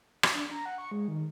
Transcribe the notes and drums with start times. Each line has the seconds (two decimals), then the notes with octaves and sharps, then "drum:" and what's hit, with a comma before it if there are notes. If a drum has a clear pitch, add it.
0.23 E6, drum: rim click
0.35 D4
0.51 A#5
0.66 F#5
0.78 C#6
0.91 G#3
1.08 D#3